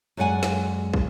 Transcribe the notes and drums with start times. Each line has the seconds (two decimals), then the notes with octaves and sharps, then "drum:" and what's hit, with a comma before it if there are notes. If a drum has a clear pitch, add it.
0.17 F#2 G#3 D5 F#5 G#5
0.43 drum: snare
0.94 drum: kick